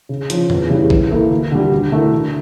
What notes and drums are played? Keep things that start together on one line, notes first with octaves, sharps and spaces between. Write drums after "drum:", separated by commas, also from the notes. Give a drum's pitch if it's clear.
C#3
F3 C#4, drum: hi-hat
E2, drum: tom F2
C#3 E3 G3 C#4
E3, drum: kick
A#3 E4 A4
D2
D3 G3
D2
D3 A3 E4 A#4
D3